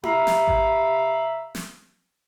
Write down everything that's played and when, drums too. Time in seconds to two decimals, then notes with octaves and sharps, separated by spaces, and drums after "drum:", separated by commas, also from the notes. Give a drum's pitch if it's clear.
0.03 C3 E5 F5 A#5 B5, drum: tom E4
0.27 drum: snare
0.47 drum: kick G#1
1.55 drum: snare